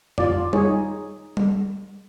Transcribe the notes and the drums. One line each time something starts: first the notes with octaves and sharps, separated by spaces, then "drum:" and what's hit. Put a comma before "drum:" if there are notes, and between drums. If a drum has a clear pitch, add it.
F4 D5, drum: tom F2
D#4 G#4 C#5, drum: tom G3
drum: tom G3